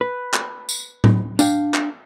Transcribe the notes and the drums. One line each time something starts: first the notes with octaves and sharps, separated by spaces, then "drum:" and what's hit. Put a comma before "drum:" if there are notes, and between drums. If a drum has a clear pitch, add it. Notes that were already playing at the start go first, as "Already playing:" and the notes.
B4
drum: clap
drum: tambourine
drum: tom A2
D4 F5 G5, drum: tambourine
drum: clap